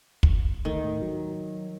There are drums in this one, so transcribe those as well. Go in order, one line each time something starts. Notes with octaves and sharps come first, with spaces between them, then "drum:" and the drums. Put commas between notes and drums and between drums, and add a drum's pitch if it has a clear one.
drum: kick
D#3 A3
A2
F#3